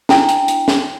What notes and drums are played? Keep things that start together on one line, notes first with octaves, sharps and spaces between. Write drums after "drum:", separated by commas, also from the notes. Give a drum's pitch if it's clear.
D4 E4 G5 A#5, drum: snare
drum: hi-hat
drum: hi-hat
drum: snare